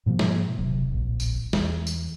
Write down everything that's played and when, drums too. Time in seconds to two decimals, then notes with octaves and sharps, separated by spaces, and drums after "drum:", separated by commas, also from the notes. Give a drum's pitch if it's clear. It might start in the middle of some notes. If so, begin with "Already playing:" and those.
0.06 G#2 B2 F3 A#3
0.19 drum: snare
0.59 D#1 C3 F#3
0.90 D1 A#1
1.20 drum: tambourine
1.53 E2, drum: snare
1.87 drum: tambourine